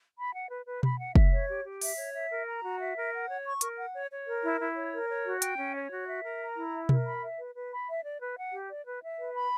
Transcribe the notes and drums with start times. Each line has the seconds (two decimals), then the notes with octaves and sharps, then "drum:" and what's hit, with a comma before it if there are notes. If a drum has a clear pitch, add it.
0.18 B5
0.34 F#5
0.50 B4
0.66 B4
0.83 B5, drum: tom B2
1.00 F#5
1.15 E5, drum: kick
1.31 C#5
1.49 G4
1.65 G4
1.81 E5, drum: open hi-hat
1.97 C#5
2.14 E5
2.30 A#4
2.47 A#5
2.63 F#4
2.80 E5
2.96 A#4
3.13 F#5
3.29 C#5
3.45 C#6
3.61 A#4, drum: hi-hat
3.77 F#5
3.94 C#5
4.11 C#5
4.27 A#4
4.43 E4
4.60 E4
4.76 C#5
4.92 A#4
5.09 C#5
5.25 F#4
5.42 G5, drum: hi-hat
5.58 C#4
5.74 C#5
5.91 F#4
6.08 E5
6.24 A#4
6.40 A#5
6.57 E4
6.73 E5
6.89 A#4, drum: tom B2
7.05 B5
7.22 E5
7.39 B4
7.54 B4
7.72 B5
7.88 E5
8.04 D5
8.20 B4
8.37 F#5
8.53 G4
8.69 D5
8.86 B4
9.02 E5
9.18 B4
9.35 B5